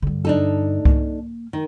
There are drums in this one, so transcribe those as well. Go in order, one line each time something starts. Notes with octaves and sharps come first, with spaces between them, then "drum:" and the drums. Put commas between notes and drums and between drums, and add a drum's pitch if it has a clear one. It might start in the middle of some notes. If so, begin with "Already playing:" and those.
G2 D3
D4 D#4 A4
A#3, drum: kick C2
D#3